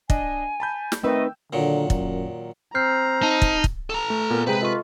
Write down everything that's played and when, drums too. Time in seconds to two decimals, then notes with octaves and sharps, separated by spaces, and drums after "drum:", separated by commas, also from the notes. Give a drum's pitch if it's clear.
0.10 D4 D#5 G#5, drum: kick
0.60 A5 B5 G6
0.92 drum: snare
1.03 D#3 A3 C4 D#4 B4 D#5 G5 E6
1.53 A#2 D3 D#3 F#3
1.90 F#2, drum: kick
2.75 C4 A#5 F6 G6 C7
3.23 D#4 A5
3.42 drum: kick
3.64 drum: kick
3.90 A4 A#5
4.10 A3
4.30 A#2 B3 A#4
4.47 C3 G#3 G#4 B4 C5 G5 A#5
4.60 F4 A4 D#5 C#6